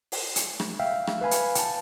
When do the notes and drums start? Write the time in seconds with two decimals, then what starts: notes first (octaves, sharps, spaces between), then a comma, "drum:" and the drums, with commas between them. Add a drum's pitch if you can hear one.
0.12 drum: open hi-hat
0.36 drum: hi-hat
0.60 drum: rim click
0.80 E5 F5 G5
1.07 drum: rim click
1.21 B4 F5 G#5 B5
1.31 drum: hi-hat
1.55 G5 A5, drum: hi-hat